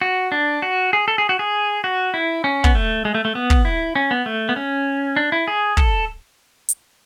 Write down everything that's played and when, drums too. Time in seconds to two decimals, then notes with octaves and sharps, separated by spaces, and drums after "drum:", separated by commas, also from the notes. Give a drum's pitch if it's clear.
0.01 F#4
0.32 D4
0.62 F#4
0.93 G#4
1.08 A4
1.18 G#4
1.29 F#4
1.39 G#4
1.84 F#4
2.14 E4
2.44 C#4
2.64 B3, drum: kick
2.75 A3
3.05 G#3
3.15 A3
3.25 A3
3.35 B3
3.50 drum: kick
3.65 E4
3.95 C#4
4.11 B3
4.26 A3
4.49 B3
4.56 C#4
5.17 D4
5.32 E4
5.48 G#4
5.77 A4, drum: kick
6.69 drum: hi-hat